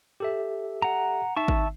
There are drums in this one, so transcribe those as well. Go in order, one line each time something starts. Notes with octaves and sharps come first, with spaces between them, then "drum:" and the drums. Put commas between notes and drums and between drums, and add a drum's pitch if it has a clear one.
G4 A4 E5
F#5 A#5
D#4 E5 A5 C#6
drum: kick G#1